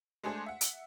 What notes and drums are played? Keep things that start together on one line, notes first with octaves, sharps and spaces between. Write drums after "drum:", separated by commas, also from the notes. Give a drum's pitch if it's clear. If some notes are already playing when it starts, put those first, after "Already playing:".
G#3 A3 D4 G#4 C5
E5 F#5
drum: hi-hat